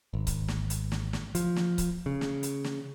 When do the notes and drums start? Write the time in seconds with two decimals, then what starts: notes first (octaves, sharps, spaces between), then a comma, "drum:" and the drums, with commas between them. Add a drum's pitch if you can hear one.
0.13 G#1
0.27 drum: kick C#1, hi-hat
0.48 drum: snare
0.70 drum: hi-hat
0.92 drum: snare
1.13 drum: snare
1.35 F3, drum: hi-hat
1.56 drum: snare
1.78 drum: kick C#1, hi-hat
2.06 C#3
2.21 drum: snare
2.43 drum: hi-hat
2.64 drum: snare